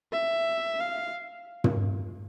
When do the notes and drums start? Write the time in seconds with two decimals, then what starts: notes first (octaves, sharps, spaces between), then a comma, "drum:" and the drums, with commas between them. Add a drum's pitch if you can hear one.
0.12 E5
0.80 F5
1.64 drum: tom